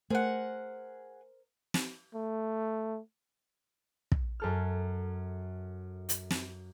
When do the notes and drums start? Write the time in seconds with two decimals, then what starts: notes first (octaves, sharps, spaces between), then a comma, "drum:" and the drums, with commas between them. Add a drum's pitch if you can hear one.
0.10 A3 G#4 A#4 C5 F#5
1.74 drum: snare
2.15 A3
4.12 drum: kick
4.40 F#2 A4 F6
6.09 drum: hi-hat
6.30 drum: snare